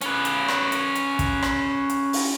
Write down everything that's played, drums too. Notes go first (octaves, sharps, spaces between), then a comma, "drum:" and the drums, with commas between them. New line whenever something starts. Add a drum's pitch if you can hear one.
C#4 B4, drum: hi-hat
drum: hi-hat
drum: rim click
drum: hi-hat
drum: hi-hat
drum: kick, hi-hat
drum: rim click
drum: hi-hat
drum: open hi-hat